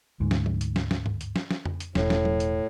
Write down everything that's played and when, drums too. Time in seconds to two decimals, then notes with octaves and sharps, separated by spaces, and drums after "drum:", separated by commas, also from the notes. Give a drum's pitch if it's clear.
0.20 D2 G#2
0.31 drum: snare
0.46 drum: tom F3
0.61 drum: hi-hat
0.76 drum: snare
0.91 drum: snare
1.06 drum: tom G2
1.21 drum: hi-hat
1.36 drum: snare
1.51 drum: snare
1.65 drum: tom F2
1.80 drum: hi-hat
1.95 E1 A2, drum: snare
2.10 drum: snare
2.25 drum: tom F3
2.40 drum: hi-hat